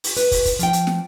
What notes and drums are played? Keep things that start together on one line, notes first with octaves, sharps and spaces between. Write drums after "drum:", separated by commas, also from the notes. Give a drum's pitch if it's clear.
drum: open hi-hat
B4, drum: hi-hat
drum: kick, open hi-hat
drum: kick, hi-hat
F3 G5, drum: hi-hat
drum: hi-hat
drum: snare